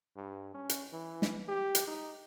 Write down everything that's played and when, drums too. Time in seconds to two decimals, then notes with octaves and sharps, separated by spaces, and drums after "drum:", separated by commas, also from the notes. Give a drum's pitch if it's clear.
0.16 G2
0.54 C#4
0.69 drum: hi-hat
0.93 E3
1.22 drum: snare
1.48 G4
1.75 drum: hi-hat
1.87 D#4